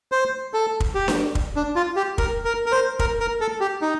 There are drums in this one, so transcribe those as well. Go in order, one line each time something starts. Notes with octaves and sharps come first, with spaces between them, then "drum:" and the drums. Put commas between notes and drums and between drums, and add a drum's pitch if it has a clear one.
C5
A4
drum: kick
G4
drum: snare D4
drum: kick
D4
F4
G4
A#4, drum: kick
A#4
A#4
C5
A#4, drum: kick
A#4
A4
G4
D#4